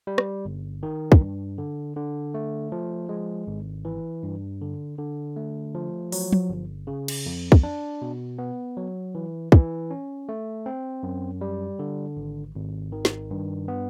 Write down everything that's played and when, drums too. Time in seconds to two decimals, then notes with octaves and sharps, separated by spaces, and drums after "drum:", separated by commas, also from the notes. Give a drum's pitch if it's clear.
0.07 G3
0.18 drum: rim click
0.45 G1
0.83 D#3
1.12 drum: kick
1.21 G2
1.58 D3
1.96 D3
2.34 A3
2.72 F3
3.09 G#3
3.47 G#1
3.85 E3
4.23 G2
4.61 D3
4.98 D3
5.36 A3
5.75 F3
6.12 F#3, drum: open hi-hat
6.32 drum: tom F3
6.49 G1
6.87 C#3
7.08 drum: cymbal
7.26 F2
7.52 drum: kick
7.63 D4
8.02 B2
8.38 B3
8.77 F#3
9.15 E3
9.52 E3, drum: kick
9.91 C#4
10.29 A3
10.66 C4
11.03 F#2
11.41 G3
11.79 D3
12.17 G#1
12.55 G#1
12.92 D#3
13.05 drum: snare
13.31 G2
13.68 B3